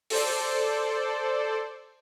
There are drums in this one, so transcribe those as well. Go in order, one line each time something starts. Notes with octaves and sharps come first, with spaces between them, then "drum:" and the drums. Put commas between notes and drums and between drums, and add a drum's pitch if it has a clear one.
A4 C5 D5, drum: open hi-hat